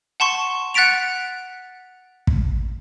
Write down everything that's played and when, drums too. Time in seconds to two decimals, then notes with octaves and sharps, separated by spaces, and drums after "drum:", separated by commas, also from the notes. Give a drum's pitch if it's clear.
0.20 F#5 A5 C6 C#6
0.74 F#5 F#6 A6 B6 D7 F7
2.27 drum: kick